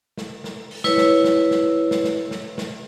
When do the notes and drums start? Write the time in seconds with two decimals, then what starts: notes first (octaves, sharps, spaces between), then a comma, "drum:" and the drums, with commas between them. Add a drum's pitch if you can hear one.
0.18 drum: snare
0.44 drum: snare
0.71 drum: open hi-hat
0.84 E4 B4 C#5, drum: snare
0.98 drum: snare
1.24 drum: snare
1.51 drum: snare
1.91 drum: snare
2.04 drum: snare
2.31 drum: snare
2.58 drum: snare